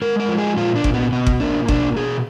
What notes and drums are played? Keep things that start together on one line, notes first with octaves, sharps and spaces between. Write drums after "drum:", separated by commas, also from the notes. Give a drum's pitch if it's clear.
G#3 A#4
A#4
F3
G#4
A#2 F4
D4
A#2, drum: kick G1
B3
B2 B3
drum: kick G1
A#3 D4
B2 D4, drum: kick G1
B2 G#4